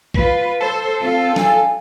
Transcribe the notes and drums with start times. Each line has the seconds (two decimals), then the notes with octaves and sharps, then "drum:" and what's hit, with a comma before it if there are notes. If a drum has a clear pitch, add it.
0.14 F4 B4, drum: kick B1
0.61 A4 C5
1.01 C4 F4 F5
1.36 G#5, drum: snare